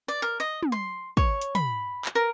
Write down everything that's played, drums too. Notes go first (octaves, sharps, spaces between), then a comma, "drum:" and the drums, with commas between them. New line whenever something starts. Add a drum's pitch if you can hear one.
D5
A#4
D#5
drum: tom
C6
C#5, drum: kick
drum: hi-hat
B5, drum: tom
drum: clap
A#4